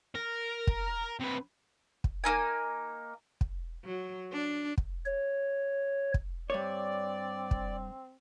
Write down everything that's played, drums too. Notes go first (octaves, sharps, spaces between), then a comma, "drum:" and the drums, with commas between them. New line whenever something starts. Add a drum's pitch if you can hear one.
A#4
drum: kick
C3 B4
drum: kick
A#3 C#4 D#4 G#5
drum: kick
F#3
D4
drum: kick
C#5
drum: kick
G2 C4 C#5 D5
drum: kick